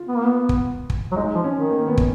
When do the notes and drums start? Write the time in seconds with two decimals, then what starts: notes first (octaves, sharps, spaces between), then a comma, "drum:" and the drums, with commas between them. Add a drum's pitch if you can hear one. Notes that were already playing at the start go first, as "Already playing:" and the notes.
Already playing: F4
0.08 B3
0.17 A#3
0.26 B3
0.49 drum: kick
0.90 drum: kick
1.12 F#3
1.16 G#3 D#4
1.35 F3
1.44 C#4
1.53 D#3
1.71 A#3
1.88 B3
1.97 drum: kick